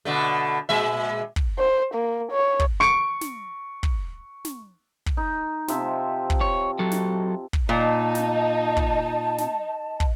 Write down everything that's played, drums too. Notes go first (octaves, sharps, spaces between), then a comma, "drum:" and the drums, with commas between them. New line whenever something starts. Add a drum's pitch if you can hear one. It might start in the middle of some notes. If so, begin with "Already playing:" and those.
B2 D3 A3
A#2 G#3 E5
drum: kick
C5
A#3
C#5
drum: kick
C#6 C#7 D7
drum: snare
drum: kick
drum: snare
drum: kick
D#4
C3 F3 E5, drum: snare
drum: kick
C#5
F#3 A4
drum: snare
drum: kick
A#2 D#4 D#5 A5
drum: snare
drum: kick
drum: snare
drum: kick